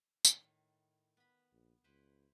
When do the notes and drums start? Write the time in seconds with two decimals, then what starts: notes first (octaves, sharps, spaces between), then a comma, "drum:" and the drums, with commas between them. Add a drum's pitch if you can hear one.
0.25 A2 D#3, drum: tambourine
1.17 B3 B5
1.52 A#1
1.84 C#2 E4 B4 C5